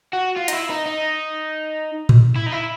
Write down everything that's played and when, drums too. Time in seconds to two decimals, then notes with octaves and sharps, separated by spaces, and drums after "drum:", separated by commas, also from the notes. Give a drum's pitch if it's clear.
0.13 F#4
0.37 F4
0.48 D#4, drum: hi-hat
0.53 E4
0.70 D#4
0.86 D#4
2.09 drum: tom A2
2.36 E4
2.46 D#4
2.52 E4